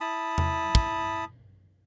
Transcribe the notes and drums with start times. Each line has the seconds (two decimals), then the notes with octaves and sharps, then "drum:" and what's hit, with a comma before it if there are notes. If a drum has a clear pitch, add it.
0.01 E4 A5 B5 D#6
0.38 drum: tom E2
0.75 drum: kick